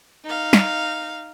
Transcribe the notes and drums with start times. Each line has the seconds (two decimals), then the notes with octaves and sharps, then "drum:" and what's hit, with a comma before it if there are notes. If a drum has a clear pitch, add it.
0.25 D#4 F5
0.53 drum: snare